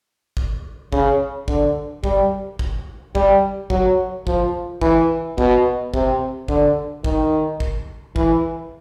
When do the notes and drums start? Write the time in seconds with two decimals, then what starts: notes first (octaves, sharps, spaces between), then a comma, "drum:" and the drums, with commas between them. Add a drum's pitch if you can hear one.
0.37 drum: kick
0.92 C#3, drum: kick
1.48 D3, drum: kick
2.04 G3, drum: kick
2.59 drum: kick
3.15 G3, drum: kick
3.70 F#3, drum: kick
4.27 F3, drum: kick
4.81 E3, drum: kick
5.38 B2, drum: kick
5.94 C3, drum: kick
6.48 D3, drum: kick
7.04 D#3, drum: kick
7.60 drum: kick
8.16 E3, drum: kick